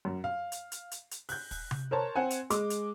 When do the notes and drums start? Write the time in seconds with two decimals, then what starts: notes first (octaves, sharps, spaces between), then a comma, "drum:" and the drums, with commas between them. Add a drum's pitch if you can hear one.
0.05 F#2
0.24 F5
0.52 drum: hi-hat
0.72 drum: hi-hat
0.91 drum: hi-hat
1.11 drum: hi-hat
1.29 F#6 G6, drum: open hi-hat
1.51 drum: kick, open hi-hat
1.71 drum: tom C3
1.91 A#4 C5 C#5 A5
2.16 C4 F#5 G#5
2.30 drum: hi-hat
2.50 G#3 D6, drum: hi-hat
2.70 drum: hi-hat